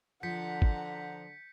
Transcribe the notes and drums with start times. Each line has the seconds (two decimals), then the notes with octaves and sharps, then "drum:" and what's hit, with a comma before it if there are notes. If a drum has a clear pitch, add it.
0.23 D3 F3 F#5 A#5 G6 B6 C#7
0.62 drum: kick